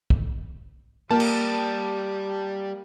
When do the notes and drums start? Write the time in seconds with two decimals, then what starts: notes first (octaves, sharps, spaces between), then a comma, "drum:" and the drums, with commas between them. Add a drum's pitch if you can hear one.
0.10 drum: kick
1.11 G3 A#3 G4 A5
1.20 drum: cymbal